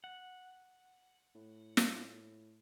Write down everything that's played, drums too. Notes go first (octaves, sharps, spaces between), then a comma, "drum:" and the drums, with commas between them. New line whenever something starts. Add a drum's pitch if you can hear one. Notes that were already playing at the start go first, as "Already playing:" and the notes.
F#5
A2
drum: snare